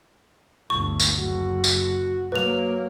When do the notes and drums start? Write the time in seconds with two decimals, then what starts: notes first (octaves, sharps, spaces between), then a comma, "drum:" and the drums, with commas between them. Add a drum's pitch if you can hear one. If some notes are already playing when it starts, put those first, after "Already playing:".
0.70 G1 D2 C#6
1.00 drum: tambourine
1.19 F#1 F#4
1.64 drum: tambourine
2.32 F#3 A#3 B4 F7